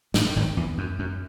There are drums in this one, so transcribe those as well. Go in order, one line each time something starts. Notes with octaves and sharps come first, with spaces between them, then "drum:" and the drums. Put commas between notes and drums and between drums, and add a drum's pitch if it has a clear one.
A1 A2, drum: snare
G#1 G#2
E2
F#2
F#2